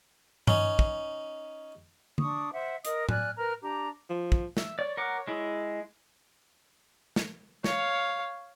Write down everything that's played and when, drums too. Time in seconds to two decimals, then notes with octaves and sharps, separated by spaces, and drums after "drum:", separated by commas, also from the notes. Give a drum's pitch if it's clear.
0.47 C#4 D#4, drum: tom G2
0.79 drum: kick
2.18 D4 C#6 D#6, drum: tom D3
2.52 C5 E5 F#5
2.85 A#4 D#5 D#6, drum: hi-hat
3.09 D5 G#5 F6 F#6, drum: tom A2
3.36 A#4 B4 A#5 F6
3.61 D4 G4 A#5
4.10 F3
4.32 drum: kick
4.57 E5, drum: snare
4.79 C#5 D5
4.97 A#4 F#5 D6
5.28 G#3 E4 G#4
7.16 drum: snare
7.64 C#5 F5, drum: snare